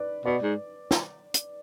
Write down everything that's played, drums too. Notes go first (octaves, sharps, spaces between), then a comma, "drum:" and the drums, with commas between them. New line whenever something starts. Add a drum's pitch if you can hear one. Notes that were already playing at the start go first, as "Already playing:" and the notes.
Already playing: B4 D5
B2 D5
G#2
drum: snare
drum: hi-hat